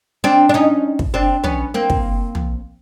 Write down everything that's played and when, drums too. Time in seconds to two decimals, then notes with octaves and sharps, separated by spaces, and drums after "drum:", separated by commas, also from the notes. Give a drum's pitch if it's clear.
0.24 C4 D4
0.49 D4
0.54 C#4 D#4
0.99 drum: kick
1.14 C4 D4
1.44 B3 C#4, drum: tom
1.74 A#3 C4
1.90 drum: kick
2.35 drum: tom